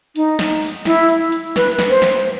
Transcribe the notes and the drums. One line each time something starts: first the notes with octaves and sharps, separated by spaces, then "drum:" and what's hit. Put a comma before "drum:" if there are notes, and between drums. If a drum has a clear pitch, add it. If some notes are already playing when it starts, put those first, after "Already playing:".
D#4, drum: hi-hat
drum: snare
drum: open hi-hat
E4, drum: snare
drum: hi-hat
drum: hi-hat
B4, drum: snare
drum: snare
C5
drum: snare